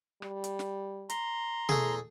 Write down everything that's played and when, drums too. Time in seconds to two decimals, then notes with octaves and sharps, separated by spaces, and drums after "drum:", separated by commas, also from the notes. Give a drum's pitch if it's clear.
0.22 G3, drum: rim click
0.44 drum: hi-hat
0.59 drum: snare
1.10 A#5 C6, drum: hi-hat
1.69 E2 A3 G#4, drum: tom B2